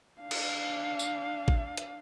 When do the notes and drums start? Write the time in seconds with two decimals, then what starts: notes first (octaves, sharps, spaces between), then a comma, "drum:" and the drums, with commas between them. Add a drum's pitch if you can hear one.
0.21 D4 F5
0.31 drum: cymbal
0.99 drum: tambourine
1.48 drum: kick A1
1.77 drum: hi-hat